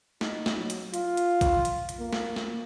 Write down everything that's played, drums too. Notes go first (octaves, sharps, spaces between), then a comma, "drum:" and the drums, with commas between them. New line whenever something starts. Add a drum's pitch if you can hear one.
D#4, drum: snare
drum: snare
F#3
drum: hi-hat
F4, drum: hi-hat
drum: hi-hat
drum: kick, hi-hat
drum: hi-hat
drum: hi-hat
A#3
drum: snare
drum: snare